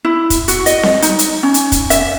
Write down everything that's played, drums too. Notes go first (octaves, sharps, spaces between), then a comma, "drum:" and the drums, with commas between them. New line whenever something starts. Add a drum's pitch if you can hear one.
E4
drum: kick, hi-hat
F#4, drum: hi-hat
D#5, drum: hi-hat
drum: snare C4
D#4, drum: hi-hat
drum: hi-hat
C#4
drum: hi-hat
drum: kick, hi-hat
E5, drum: hi-hat